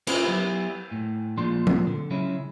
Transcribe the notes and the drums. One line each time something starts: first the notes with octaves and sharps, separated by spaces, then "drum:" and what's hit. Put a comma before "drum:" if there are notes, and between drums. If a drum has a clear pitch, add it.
C#4 E4 F4 G#4 B4 C5, drum: cymbal
F#3 B3 E4 G4
A2
A#2 F3 G#3 D4 C6
drum: tom
D3
C#3 F#3 G#3 C#4 E4